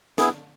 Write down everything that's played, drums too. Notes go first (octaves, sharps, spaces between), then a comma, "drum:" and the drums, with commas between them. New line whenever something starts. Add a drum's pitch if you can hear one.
B3 E4 G#4, drum: snare